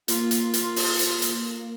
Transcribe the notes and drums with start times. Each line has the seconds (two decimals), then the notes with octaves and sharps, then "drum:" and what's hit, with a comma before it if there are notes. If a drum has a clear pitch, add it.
0.08 A#3 F4, drum: hi-hat
0.31 drum: hi-hat
0.54 drum: hi-hat
0.76 drum: open hi-hat
0.99 drum: hi-hat
1.22 drum: hi-hat